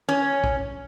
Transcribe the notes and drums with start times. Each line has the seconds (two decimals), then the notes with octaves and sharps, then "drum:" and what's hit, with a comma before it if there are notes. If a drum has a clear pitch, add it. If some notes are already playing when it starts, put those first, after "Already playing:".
0.09 C#4
0.44 drum: kick